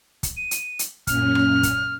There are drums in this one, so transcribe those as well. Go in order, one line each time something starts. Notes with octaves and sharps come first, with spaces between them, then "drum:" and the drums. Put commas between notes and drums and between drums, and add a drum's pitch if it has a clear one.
drum: kick, hi-hat
D#7
drum: hi-hat
drum: hi-hat
F#2 A#2 C#4 F6, drum: kick, hi-hat
drum: rim click
drum: kick, hi-hat